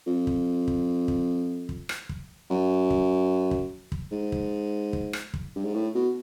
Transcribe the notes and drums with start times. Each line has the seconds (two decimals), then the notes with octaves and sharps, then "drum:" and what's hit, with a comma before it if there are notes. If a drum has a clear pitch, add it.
0.07 F2
0.27 drum: kick
0.68 drum: kick
1.08 drum: kick
1.69 drum: kick
1.89 drum: rim click
2.09 drum: kick
2.50 F#2
2.90 drum: kick
3.51 drum: kick
3.92 drum: kick
4.12 G#2
4.32 drum: kick
4.93 drum: kick
5.13 drum: rim click
5.34 drum: kick
5.56 G2
5.65 G#2
5.74 A2
5.94 B2